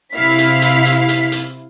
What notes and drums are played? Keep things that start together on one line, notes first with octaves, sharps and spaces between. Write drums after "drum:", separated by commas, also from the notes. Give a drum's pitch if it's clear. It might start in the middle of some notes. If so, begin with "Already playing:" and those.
C3 E4 F5 B6
drum: hi-hat
drum: hi-hat
drum: hi-hat
drum: hi-hat
drum: hi-hat